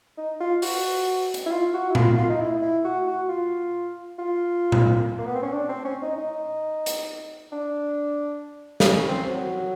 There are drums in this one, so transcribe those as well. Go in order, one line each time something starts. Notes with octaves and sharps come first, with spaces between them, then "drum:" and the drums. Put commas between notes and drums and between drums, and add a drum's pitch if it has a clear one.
D#4
F4
F#4, drum: open hi-hat
drum: hi-hat
E4
F4
F#4
E4
F4, drum: tom A#2
F4
D#4
E4
E4
F#4
F#4
F4
F4
drum: tom A#2
A#3
B3
C4
C#4
D4
C4
C#4
D#4
D#4
drum: hi-hat
D4
C4, drum: snare
C#4
C4
F#3